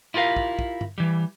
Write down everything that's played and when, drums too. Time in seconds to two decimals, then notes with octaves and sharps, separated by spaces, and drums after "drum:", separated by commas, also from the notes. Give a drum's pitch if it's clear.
0.14 E4 F4 G4 A#4 F5
0.36 drum: kick
0.59 drum: kick
0.81 drum: tom G2
0.98 E3 G3